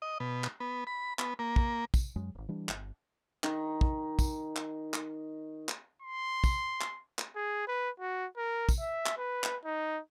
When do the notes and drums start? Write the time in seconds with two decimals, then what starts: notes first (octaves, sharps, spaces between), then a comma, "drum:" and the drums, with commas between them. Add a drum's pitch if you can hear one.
0.02 D#5
0.20 B2
0.44 drum: clap
0.60 B3
0.87 B5
1.19 B3, drum: clap
1.39 A#3
1.56 drum: kick
1.94 drum: kick, tambourine
2.16 F#2 F#3 G#3
2.35 D1 G#1
2.49 E3 G3 D4
2.69 G1, drum: clap
3.44 D#3 D#4, drum: clap
3.81 drum: kick
4.19 drum: kick, tambourine
4.56 drum: clap
4.94 drum: clap
5.69 drum: clap
6.02 C6
6.44 drum: kick, tambourine
6.81 drum: clap
7.19 drum: clap
7.36 G#4
7.68 B4
8.00 F#4
8.37 A#4
8.69 drum: kick, tambourine
8.80 E5
9.06 drum: clap
9.18 B4
9.44 drum: clap
9.65 D#4